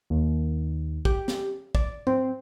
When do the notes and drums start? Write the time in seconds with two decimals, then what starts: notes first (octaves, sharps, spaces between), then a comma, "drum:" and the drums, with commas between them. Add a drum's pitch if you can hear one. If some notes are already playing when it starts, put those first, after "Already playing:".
0.10 D#2
1.05 G4, drum: kick
1.28 drum: snare
1.75 D5, drum: kick
2.07 C4, drum: tom G#2